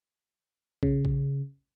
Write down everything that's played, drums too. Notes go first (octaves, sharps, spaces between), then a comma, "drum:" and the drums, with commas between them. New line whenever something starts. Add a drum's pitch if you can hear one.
C#3, drum: kick
drum: kick